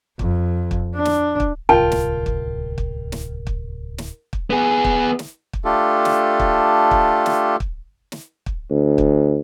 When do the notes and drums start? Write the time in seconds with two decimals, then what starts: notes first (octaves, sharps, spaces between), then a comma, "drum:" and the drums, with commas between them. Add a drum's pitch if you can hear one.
0.19 F2, drum: kick
0.71 drum: kick
0.95 D4
1.05 drum: snare
1.40 drum: kick
1.69 D1 C2 F4 A#4 G5 A5
1.92 drum: snare
2.26 drum: kick
2.78 drum: kick
3.12 drum: snare
3.47 drum: kick
3.98 drum: snare
4.33 drum: kick
4.50 B3 G#4
4.84 drum: kick
5.19 drum: snare
5.53 drum: kick
5.65 A3 D4 F4 G4 A4
6.05 drum: snare
6.40 drum: kick
6.91 drum: kick
7.26 drum: snare
7.60 drum: kick
8.12 drum: snare
8.46 drum: kick
8.70 D2
8.98 drum: kick